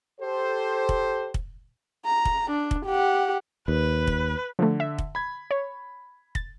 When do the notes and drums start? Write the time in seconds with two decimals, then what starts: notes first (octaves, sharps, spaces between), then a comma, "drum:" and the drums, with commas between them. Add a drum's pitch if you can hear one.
0.21 G4 A4 C5
0.89 drum: kick
1.34 drum: kick
2.06 A#5
2.25 drum: kick
2.51 D4
2.71 drum: kick
2.86 G4 F#5
3.68 D#2 B4
4.07 drum: kick
4.59 D3 F3 A3
4.80 E5
4.98 drum: kick
5.15 B5 G#6
5.51 C#5
6.35 A6, drum: kick